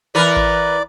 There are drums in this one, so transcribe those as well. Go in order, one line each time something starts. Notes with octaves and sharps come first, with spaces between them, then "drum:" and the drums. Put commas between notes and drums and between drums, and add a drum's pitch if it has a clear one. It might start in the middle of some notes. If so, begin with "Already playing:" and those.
E3 A#4 B4 D5
drum: kick A1